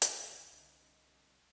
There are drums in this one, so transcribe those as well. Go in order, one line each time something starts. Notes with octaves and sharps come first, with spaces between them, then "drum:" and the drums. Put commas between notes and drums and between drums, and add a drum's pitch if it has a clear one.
A#1 E2 D#3 E4 F5, drum: hi-hat
C2 D3 D4 D#5